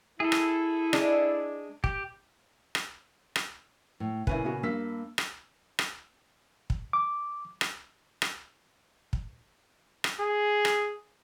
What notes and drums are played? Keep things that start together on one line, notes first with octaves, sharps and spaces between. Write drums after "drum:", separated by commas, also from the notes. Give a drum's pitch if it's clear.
E4 G#4 A4
drum: rim click
G#3 D4, drum: rim click
G4, drum: kick
drum: rim click
drum: rim click
A2
A#2 C#3 E4 B4 G#5, drum: kick
B3 F#4
G2 A#3 E6 B6
drum: rim click
drum: rim click
drum: kick
D6
drum: rim click
drum: rim click
drum: kick
drum: rim click
G#4
drum: rim click